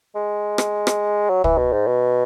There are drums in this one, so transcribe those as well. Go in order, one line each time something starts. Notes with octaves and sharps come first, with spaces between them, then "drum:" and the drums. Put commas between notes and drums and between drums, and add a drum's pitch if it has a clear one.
G#3
drum: rim click
drum: rim click
F#3
E3, drum: kick
B2
G#2
B2